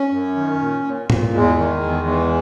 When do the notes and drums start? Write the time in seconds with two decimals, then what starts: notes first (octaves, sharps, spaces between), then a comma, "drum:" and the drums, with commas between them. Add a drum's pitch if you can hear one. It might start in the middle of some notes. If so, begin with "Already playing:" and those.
Already playing: C#4
0.11 F#2
0.36 D#3
0.60 A#2
0.85 A#2
1.10 A#2, drum: tom G#2
1.33 E2 G#3
1.58 D#3
1.82 E2
2.07 E3